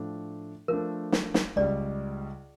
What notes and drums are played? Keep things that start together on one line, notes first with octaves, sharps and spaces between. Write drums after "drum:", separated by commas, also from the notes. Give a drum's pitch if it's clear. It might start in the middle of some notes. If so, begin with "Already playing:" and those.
Already playing: A2 F3 A3 D4
F3 A3 D4 A#4
drum: snare
drum: snare
C#2 C#3 G3 D5